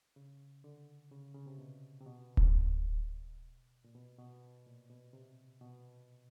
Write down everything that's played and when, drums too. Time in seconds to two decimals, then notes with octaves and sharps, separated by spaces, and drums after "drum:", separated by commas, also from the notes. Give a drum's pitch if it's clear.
0.16 C#3
0.64 D3
1.11 C#3
1.35 C#3
1.46 C3
1.58 B2
2.01 C3
2.06 B2
2.37 drum: kick D1
3.84 A#2
3.95 B2
4.18 B2
4.66 A#2
4.90 B2
5.13 C3
5.61 B2